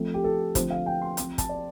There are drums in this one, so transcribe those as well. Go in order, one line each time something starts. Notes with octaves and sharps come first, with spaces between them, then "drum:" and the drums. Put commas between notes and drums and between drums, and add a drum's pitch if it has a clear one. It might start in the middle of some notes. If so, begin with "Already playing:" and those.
Already playing: F3 A3 C4
G4
A4
D3 F3 A3 C4 C5, drum: kick, hi-hat
F5
G5
C6
F3 C4, drum: hi-hat
A5, drum: kick, hi-hat
D5